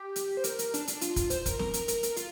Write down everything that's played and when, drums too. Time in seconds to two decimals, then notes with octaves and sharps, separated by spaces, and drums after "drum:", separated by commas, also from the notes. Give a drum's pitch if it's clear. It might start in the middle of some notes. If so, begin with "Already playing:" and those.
Already playing: G4
0.16 drum: hi-hat
0.37 C5
0.44 A#4, drum: hi-hat
0.59 drum: hi-hat
0.74 D4, drum: hi-hat
0.88 drum: hi-hat
1.01 F4, drum: hi-hat
1.16 drum: kick, hi-hat
1.30 C5, drum: hi-hat
1.46 A#4, drum: kick, hi-hat
1.59 A#4, drum: snare
1.74 A#4, drum: hi-hat
1.88 A#4, drum: hi-hat
2.03 A#4, drum: hi-hat
2.16 F4, drum: hi-hat